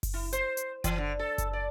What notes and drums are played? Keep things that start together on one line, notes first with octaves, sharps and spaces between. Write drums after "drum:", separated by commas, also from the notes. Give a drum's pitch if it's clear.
drum: kick F#1, open hi-hat
E4
C5, drum: hi-hat
drum: hi-hat
E3, drum: kick F#1, hi-hat
D3
A4
drum: kick F#1, hi-hat
D5